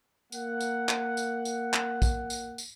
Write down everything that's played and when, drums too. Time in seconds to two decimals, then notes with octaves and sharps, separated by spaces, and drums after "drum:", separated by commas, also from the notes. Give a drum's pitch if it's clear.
0.32 A#3 F#5, drum: tambourine
0.61 drum: tambourine
0.89 drum: clap
1.17 drum: tambourine
1.45 drum: tambourine
1.74 drum: clap
2.02 drum: kick, tambourine
2.30 drum: tambourine
2.58 drum: tambourine